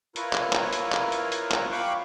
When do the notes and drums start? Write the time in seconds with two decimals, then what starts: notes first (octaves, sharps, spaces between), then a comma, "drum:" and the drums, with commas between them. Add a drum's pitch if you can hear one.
0.16 E4 F4 A#4 B4 C#5, drum: hi-hat
0.33 drum: clap
0.53 drum: clap
0.73 drum: hi-hat
0.92 drum: clap
1.12 drum: hi-hat
1.32 drum: hi-hat
1.52 drum: clap
1.71 F5 G5 B5 C#6 D6 F#6